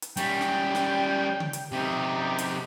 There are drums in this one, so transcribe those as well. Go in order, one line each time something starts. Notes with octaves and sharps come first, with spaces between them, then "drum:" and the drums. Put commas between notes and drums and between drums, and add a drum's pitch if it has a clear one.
drum: hi-hat
G3 C#4 G5, drum: hi-hat
drum: snare
drum: snare
drum: tom C#3
drum: hi-hat
C3 D#4 G4
drum: hi-hat